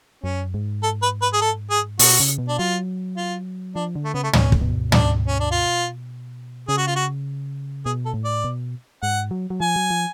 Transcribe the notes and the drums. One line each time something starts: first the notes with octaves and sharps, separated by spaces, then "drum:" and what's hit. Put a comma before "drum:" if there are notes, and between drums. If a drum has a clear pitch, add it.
F#2 C#4
G#2
A4
B4
B4
G#4
A4
G#4
B2 F#4, drum: open hi-hat
C#3
B2
D4
F#3 F4
F4
F3 D4
D3
A3
C#3 B3
A3
C#3 C#4, drum: tom
B2
A2, drum: kick
B2
D4, drum: tom
C#4
D4
F4
C#3 G#4
F#4
F4
F#4
B2 G#4
A4
A2
D5
B2
G#2 F#5
F#3
F#3
F3 G#5
F#3
F3